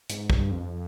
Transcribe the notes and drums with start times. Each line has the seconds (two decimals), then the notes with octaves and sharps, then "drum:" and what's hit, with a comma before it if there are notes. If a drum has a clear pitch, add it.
0.10 G#2, drum: hi-hat
0.30 G2, drum: kick
0.51 F2